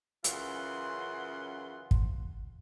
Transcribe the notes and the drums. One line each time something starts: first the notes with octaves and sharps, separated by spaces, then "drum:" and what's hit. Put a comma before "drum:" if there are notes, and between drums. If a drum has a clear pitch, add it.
F#2 C#3 E3 F4 F#5 C6, drum: hi-hat
drum: kick